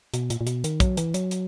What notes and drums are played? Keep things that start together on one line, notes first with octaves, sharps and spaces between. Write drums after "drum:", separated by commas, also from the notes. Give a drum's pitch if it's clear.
B2, drum: hi-hat
A#2, drum: hi-hat
A#2
B2, drum: hi-hat
D#3, drum: hi-hat
F#3, drum: kick, hi-hat
E3, drum: hi-hat
F#3, drum: hi-hat
drum: hi-hat